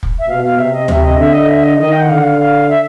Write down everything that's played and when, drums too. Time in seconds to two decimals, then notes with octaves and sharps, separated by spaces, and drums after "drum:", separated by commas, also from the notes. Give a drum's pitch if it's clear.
0.03 drum: kick
0.19 E5
0.28 B2 F5
0.44 F5
0.59 C3 E5
0.74 D#5
0.88 C3 E5, drum: tom
1.04 D#5
1.18 D3 E5
1.33 D#5
1.48 E5
1.64 D#5
1.79 D#3 D#5
1.92 G5
2.00 F#5
2.09 D3 F5
2.18 F#5
2.23 F5
2.39 F5
2.69 E5